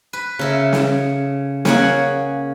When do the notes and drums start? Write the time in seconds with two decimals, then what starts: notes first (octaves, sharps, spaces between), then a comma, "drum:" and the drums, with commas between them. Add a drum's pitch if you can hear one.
0.13 B4
0.39 C#3 A4 A#4 E5
0.73 drum: snare
1.65 A#3 C#4 G#4 F#5, drum: snare